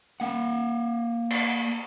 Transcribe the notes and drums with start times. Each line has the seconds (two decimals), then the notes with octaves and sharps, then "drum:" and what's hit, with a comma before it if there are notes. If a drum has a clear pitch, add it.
0.20 A#3 F#5
1.31 drum: cymbal